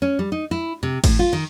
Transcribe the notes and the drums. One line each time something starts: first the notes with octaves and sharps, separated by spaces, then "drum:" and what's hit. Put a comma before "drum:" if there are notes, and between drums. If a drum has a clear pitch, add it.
C#4
G3
D#4
E4
C3
A2, drum: kick G#1, cymbal
F4
D#3